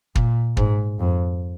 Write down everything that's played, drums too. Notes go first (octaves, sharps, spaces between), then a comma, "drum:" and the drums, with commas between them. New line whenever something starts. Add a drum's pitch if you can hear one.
A#2, drum: kick
G#2, drum: kick
F2